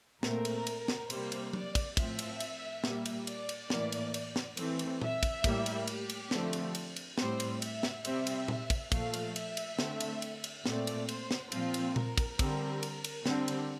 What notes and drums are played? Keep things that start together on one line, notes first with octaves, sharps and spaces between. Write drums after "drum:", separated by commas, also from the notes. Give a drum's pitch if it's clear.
A#2 A3 C4 A#4, drum: snare
drum: cymbal
drum: cymbal
drum: snare
C3 G3 A#3 C5, drum: cymbal
drum: cymbal
D5, drum: tom F#3
drum: kick, cymbal
A2 F3 C4 E5, drum: kick, cymbal
drum: cymbal
drum: cymbal
A#2 G3 A#3, drum: snare
drum: cymbal
D5, drum: cymbal
drum: cymbal
A2 E3 A#3, drum: snare
drum: cymbal
drum: cymbal
drum: snare
E3 A3 C4, drum: cymbal
drum: cymbal
E5, drum: tom A#2
drum: kick, cymbal
A2 G3 A#3, drum: kick, cymbal
drum: cymbal
G4, drum: cymbal
drum: cymbal
D3 F3 A3 C4, drum: snare
drum: cymbal
drum: cymbal
drum: cymbal
A2 G3 C4 C5, drum: snare
drum: cymbal
E5, drum: cymbal
drum: snare
C3 G3 C4 E5, drum: cymbal
drum: cymbal
drum: tom A#2
drum: kick, cymbal
A#2 F3 A3 F5, drum: kick, cymbal
drum: cymbal
E5, drum: cymbal
drum: cymbal
D3 A3 C4, drum: snare
drum: cymbal
drum: cymbal
drum: cymbal
A#2 A3 C4 D5, drum: snare
drum: cymbal
C5, drum: cymbal
drum: snare
A#2 F3 C4 F4, drum: cymbal
drum: cymbal
A#4, drum: tom A#2
drum: kick, cymbal
D3 G3 C4, drum: kick, cymbal
drum: cymbal
drum: cymbal
D3 G3 C4, drum: snare
drum: cymbal